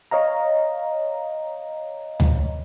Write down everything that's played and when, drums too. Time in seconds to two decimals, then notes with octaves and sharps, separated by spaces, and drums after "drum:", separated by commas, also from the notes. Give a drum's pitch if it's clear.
0.11 C#5 D#5 F5 A#5
2.20 drum: tom D2